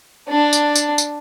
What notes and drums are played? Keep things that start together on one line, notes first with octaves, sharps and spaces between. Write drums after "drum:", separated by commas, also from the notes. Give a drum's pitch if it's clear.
D4
drum: tambourine
drum: tambourine
drum: tambourine